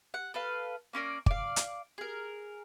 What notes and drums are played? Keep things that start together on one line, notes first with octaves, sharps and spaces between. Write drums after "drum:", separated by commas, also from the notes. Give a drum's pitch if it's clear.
F#5
A4 B4 F5
A#3 C#4 A#4 D5
D5 F5, drum: kick
drum: hi-hat
G#4 A#4